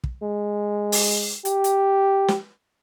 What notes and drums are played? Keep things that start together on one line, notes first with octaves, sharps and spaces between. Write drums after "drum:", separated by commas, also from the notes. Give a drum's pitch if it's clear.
drum: kick
G#3
drum: open hi-hat
G4, drum: hi-hat
drum: hi-hat
drum: snare